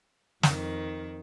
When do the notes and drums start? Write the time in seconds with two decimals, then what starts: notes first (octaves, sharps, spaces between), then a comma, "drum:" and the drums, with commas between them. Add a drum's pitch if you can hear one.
0.43 F2 D#3, drum: snare